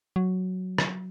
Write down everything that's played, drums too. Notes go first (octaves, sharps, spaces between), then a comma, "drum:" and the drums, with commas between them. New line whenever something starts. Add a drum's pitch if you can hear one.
F#3
drum: rim click